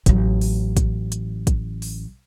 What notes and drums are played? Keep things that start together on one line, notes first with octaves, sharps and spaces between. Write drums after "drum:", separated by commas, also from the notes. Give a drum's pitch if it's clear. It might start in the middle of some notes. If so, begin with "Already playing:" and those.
A1 F#3, drum: kick, hi-hat
drum: open hi-hat
drum: kick, hi-hat
drum: hi-hat
drum: kick, hi-hat
drum: open hi-hat